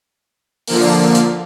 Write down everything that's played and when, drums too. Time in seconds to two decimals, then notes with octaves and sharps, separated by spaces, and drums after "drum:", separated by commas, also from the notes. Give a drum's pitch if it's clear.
0.67 D3 F3 A#3, drum: open hi-hat
1.15 drum: hi-hat